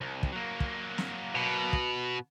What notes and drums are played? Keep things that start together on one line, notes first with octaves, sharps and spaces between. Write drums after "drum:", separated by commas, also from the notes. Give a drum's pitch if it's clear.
C2
drum: kick
F#3 A#3
drum: kick
drum: snare
B2
drum: kick